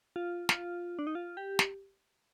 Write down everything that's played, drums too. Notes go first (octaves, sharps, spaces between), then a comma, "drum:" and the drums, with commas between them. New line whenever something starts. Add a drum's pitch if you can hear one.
F4
F4, drum: snare
D4
D#4
F4
G4
drum: snare